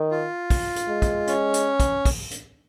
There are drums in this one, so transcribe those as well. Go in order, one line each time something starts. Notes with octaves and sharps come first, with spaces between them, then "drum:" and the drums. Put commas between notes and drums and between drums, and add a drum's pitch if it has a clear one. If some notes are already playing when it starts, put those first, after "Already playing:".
Already playing: D#3
F4
drum: kick, open hi-hat
drum: hi-hat
G#3
drum: kick, hi-hat
C#4, drum: hi-hat
drum: hi-hat
drum: kick, hi-hat
drum: kick, open hi-hat
drum: hi-hat